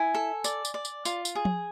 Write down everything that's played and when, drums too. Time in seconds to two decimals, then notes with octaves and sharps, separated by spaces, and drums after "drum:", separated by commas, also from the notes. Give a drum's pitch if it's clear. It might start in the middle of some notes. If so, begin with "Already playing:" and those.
Already playing: E4 G#5
0.15 A4
0.44 D5, drum: tambourine
0.65 drum: tambourine
0.74 D5
0.85 drum: tambourine
1.05 F4, drum: tambourine
1.25 drum: tambourine
1.35 G#4
1.45 drum: tom F3